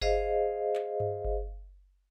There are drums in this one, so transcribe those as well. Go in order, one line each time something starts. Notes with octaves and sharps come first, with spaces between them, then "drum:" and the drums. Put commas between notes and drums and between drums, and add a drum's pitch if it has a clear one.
G#4 C5 D#5 F5, drum: kick G1
drum: clap
drum: tom G2
drum: kick G1